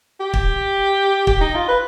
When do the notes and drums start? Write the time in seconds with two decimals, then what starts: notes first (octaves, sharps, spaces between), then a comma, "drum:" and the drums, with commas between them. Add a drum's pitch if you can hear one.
0.20 G4
0.34 drum: kick
1.27 G4, drum: kick
1.41 D#4
1.54 F4
1.68 B4